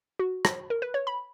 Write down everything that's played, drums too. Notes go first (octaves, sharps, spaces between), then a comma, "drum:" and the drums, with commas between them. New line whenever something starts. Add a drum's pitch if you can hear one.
F#4
drum: rim click
A#4
B4
C#5
B5